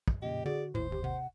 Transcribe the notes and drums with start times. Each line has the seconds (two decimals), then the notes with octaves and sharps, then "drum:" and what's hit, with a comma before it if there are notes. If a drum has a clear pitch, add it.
0.08 drum: kick
0.22 F2 A#2 C#3 G4 D#5
0.46 D3 F#4 G#4 D5
0.75 G#1 D#2 A2 E4 C5
0.91 G1 G4
1.04 C3 F#5